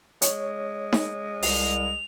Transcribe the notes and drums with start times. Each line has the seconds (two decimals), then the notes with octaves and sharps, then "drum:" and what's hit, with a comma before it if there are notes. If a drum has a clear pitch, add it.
0.22 G#3 C#5, drum: hi-hat
0.93 drum: snare D#4
1.43 C2 F7, drum: open hi-hat